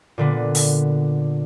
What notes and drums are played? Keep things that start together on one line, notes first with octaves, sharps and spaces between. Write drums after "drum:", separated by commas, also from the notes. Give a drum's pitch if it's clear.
A#2 D3 B3
drum: open hi-hat